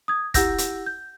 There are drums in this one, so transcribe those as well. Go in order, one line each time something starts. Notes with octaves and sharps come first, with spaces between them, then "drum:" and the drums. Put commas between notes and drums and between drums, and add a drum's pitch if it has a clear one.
D#6 G#6
E4 G4 F#5 E6 G6 A#6, drum: kick, hi-hat
drum: hi-hat
G6